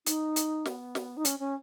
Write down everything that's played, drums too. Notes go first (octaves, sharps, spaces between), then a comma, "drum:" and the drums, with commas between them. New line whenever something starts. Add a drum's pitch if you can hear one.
D#4, drum: hi-hat
drum: hi-hat
B3, drum: snare
drum: snare
D#4
C#4, drum: hi-hat
C#4